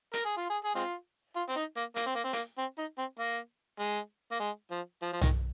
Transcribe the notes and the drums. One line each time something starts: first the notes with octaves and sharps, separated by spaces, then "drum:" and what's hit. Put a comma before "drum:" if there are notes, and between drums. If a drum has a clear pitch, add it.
A#4, drum: hi-hat
G#4
F4
G#4
G#4
G#3 C4 F4
F4
C4
D#4
A#3
A#3, drum: hi-hat
C4
A#3
C4
A#3, drum: hi-hat
C4
D#4
C4
A#3
G#3
A#3
G#3
F3
F3
F3
D#3, drum: tom B1